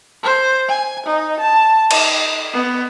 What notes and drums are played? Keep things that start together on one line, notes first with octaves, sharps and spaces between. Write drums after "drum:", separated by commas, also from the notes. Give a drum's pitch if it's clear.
C5
G#5
D#4
A5
D#4, drum: cymbal
B3